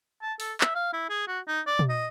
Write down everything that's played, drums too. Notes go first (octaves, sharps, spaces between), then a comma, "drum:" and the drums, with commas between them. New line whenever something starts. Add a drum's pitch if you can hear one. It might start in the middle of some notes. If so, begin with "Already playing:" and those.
A5
A4, drum: open hi-hat
E5, drum: clap
F5
E4
G#4
F#4
D#4
D5
drum: tom
D#5